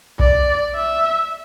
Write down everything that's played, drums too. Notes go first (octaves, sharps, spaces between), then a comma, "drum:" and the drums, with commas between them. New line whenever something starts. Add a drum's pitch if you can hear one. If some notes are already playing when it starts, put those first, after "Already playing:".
D5, drum: kick B1
E5